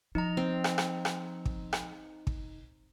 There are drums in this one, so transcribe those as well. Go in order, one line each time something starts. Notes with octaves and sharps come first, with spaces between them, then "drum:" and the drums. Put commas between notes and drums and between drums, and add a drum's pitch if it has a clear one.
F3 D#4 D#5 A#5
C4
drum: rim click
drum: rim click
drum: rim click
drum: kick
drum: rim click
drum: kick